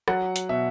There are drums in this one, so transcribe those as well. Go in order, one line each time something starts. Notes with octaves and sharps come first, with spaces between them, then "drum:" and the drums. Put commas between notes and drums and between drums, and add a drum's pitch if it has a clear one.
F#3 F#5, drum: rim click
drum: hi-hat
B2 E5